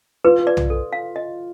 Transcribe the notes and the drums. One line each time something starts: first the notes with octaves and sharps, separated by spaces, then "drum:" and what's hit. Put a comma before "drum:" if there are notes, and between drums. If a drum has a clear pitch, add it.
F4 B4
D5
drum: tom B1
A4
F5
D#5